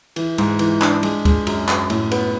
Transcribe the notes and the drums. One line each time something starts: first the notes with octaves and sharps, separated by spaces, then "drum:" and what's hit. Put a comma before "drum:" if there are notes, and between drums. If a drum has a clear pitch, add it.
E3, drum: cymbal
G#2, drum: cymbal
E3, drum: cymbal
D4, drum: clap
G#3, drum: cymbal
G#3, drum: kick C#2, cymbal
F#2, drum: cymbal
F#2, drum: clap
A2, drum: cymbal
B3, drum: cymbal